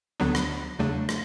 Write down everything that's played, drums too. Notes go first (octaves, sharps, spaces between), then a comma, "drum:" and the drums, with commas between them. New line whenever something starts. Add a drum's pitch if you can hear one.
D2 D3 F#3 B3 D4
drum: rim click
E2 C#3 F#3 A3 D4
drum: rim click